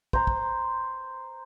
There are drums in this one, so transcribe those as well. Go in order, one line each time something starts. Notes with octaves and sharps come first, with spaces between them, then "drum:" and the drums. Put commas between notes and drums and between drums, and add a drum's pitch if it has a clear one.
C5 A#5, drum: kick
drum: kick